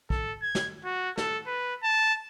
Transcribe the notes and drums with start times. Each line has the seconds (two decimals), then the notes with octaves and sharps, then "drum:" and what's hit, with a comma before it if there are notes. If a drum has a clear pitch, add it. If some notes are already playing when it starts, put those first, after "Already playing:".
0.10 A4, drum: kick
0.42 G#6
0.55 drum: snare
0.85 F#4
1.17 A4, drum: snare
1.47 B4
1.83 A5